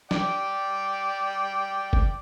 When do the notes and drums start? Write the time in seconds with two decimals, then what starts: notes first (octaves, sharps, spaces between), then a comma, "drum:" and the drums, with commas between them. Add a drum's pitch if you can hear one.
0.11 D5 G5, drum: snare
1.93 drum: kick